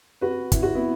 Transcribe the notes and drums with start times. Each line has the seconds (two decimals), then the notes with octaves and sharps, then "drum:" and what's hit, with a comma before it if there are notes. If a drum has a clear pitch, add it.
0.21 F#4 B4
0.52 E4, drum: kick, hi-hat
0.63 F#4
0.75 B3 E4